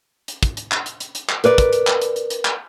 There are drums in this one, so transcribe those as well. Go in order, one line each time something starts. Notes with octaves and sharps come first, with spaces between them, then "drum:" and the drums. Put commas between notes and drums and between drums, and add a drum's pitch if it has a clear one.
drum: hi-hat
drum: kick, hi-hat
drum: hi-hat
drum: clap
drum: hi-hat
drum: hi-hat
drum: hi-hat
drum: clap
A#4 B4 D5, drum: hi-hat
drum: kick, hi-hat
drum: hi-hat
drum: clap
drum: hi-hat
drum: hi-hat
drum: hi-hat
drum: clap